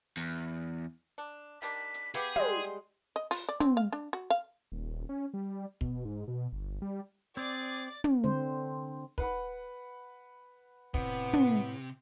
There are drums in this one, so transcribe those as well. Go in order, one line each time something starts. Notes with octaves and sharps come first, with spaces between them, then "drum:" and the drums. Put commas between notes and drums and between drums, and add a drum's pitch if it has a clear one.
E2
D4
D#3 G3 D4 B6
drum: hi-hat
B3 G4 G#4 F5
G3 G#3 C6, drum: tom
D#5
F4, drum: open hi-hat
D5
C4, drum: tom
F5
D4
F#4
F5
D#1
C#4
G3
B2, drum: kick
G#2
B2
G1
G3
C4 G#4 D5 A6
drum: tom
D3 C4 C5
B4 F#5 B5, drum: kick
A2 C3 B3, drum: kick
drum: tom